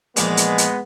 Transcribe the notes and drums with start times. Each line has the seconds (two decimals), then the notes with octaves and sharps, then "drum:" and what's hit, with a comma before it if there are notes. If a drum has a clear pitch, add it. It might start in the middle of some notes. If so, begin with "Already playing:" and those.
0.16 A#2 E3 F3 G#3 B3, drum: hi-hat
0.37 drum: hi-hat
0.58 drum: hi-hat